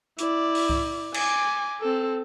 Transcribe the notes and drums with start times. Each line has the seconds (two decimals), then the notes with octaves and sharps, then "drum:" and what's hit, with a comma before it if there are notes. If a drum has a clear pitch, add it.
0.18 E4 D5, drum: hi-hat
0.55 drum: open hi-hat
0.70 drum: kick C2
1.14 G#5 D6, drum: cymbal
1.81 C4 A4